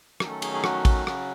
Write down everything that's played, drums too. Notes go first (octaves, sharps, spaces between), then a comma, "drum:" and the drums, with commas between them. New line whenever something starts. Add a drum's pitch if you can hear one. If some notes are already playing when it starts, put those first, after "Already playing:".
D#3 F#3 A3 C#4, drum: rim click
A4
G#4, drum: cymbal
G#4
F#4, drum: rim click
drum: kick A1, cymbal
C#3 F#3 C#4, drum: rim click